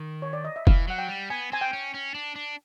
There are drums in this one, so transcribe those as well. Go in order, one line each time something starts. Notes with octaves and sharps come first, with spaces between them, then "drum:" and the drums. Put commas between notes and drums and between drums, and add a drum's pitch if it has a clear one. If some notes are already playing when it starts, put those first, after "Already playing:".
Already playing: D#3
C#5
D5
D#5
E5
E3 F5, drum: kick F1
F#3 F#5
G5
G3
B3 G#5
C4 G#5
G5
C#4
C#4
D4
D4